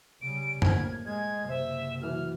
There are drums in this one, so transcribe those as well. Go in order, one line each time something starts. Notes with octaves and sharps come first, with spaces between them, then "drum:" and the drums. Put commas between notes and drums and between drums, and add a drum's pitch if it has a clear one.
C#3 G3 D7
A2 A#3 C5 F6 G#6, drum: tom F#2
G#3 G#6
F#1 C3 C5 E5
E3 F#3 F6